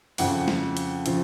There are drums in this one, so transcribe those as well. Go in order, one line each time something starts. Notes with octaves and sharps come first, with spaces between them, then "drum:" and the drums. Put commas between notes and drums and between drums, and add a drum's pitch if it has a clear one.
F2 C#3 F3 F#5, drum: open hi-hat
drum: snare
drum: hi-hat
C#3 F3, drum: hi-hat